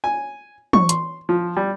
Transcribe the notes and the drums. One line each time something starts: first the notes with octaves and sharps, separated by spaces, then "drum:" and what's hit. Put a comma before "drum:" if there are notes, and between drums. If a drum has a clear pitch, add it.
G#5
C#6, drum: tom
C6, drum: hi-hat
F3
G3